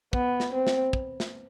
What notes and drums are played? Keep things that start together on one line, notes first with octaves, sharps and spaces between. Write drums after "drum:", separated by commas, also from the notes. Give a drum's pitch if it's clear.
B3, drum: kick
drum: snare
C4
drum: snare
drum: kick
drum: snare